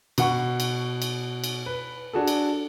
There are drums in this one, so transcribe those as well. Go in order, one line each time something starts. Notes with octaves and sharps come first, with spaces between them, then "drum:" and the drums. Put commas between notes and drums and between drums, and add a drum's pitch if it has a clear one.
B2 F#5 C#6, drum: cymbal
drum: cymbal
drum: cymbal
drum: cymbal
B4
D4 F#4 G#4 A4
drum: cymbal